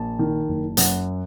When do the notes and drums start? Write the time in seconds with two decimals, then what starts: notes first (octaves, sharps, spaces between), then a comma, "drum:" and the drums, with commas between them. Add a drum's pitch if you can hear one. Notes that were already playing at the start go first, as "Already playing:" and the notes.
Already playing: A#1 A5
0.19 D#3
0.48 F#1
0.77 F#2 F#5, drum: hi-hat